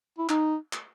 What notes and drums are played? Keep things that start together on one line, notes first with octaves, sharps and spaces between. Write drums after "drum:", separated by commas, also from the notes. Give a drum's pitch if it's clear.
E4
D#4, drum: clap
drum: clap